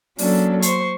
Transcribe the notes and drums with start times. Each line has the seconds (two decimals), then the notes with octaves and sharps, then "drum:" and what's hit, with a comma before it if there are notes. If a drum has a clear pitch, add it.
0.18 F#3 A#3 C#4 D4 A4, drum: open hi-hat
0.62 C5 C6 C#6, drum: hi-hat